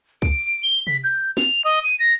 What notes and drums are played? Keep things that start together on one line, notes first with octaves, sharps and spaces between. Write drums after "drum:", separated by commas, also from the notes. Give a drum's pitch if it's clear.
D7, drum: kick C2
G7
B6, drum: tom C3
G6
F7, drum: snare
D#5
D#7
A#6